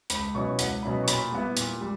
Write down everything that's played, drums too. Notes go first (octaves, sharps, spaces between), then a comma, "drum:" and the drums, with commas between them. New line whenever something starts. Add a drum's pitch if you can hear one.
C#2 B5, drum: hi-hat
B2 F#3 C#4 E4 C#6
C#2 F#5, drum: hi-hat
B2 F#3 C#4 E4 B5
C#6
A#2 B5, drum: hi-hat
G3 B3 E4
A#2, drum: hi-hat
G3